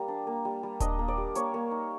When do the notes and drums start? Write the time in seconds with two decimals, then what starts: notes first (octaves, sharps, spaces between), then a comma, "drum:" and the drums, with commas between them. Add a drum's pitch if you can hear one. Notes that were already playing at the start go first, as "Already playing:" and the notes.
Already playing: G3 A#3
0.08 D4
0.27 A#3
0.45 G3
0.63 G3
0.80 D4 D#5, drum: kick D#1, hi-hat
0.99 A#3
1.08 D5
1.17 G3
1.35 A#3 C#5, drum: hi-hat
1.54 A#3
1.71 D#4